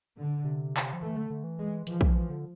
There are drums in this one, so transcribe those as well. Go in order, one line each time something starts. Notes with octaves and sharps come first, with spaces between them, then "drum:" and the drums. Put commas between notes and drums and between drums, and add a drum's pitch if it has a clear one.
D3
C3
drum: clap
F3
E3 A3
D3
D3
E3
G#3
E3 F3, drum: hi-hat
E3, drum: kick
E3
D3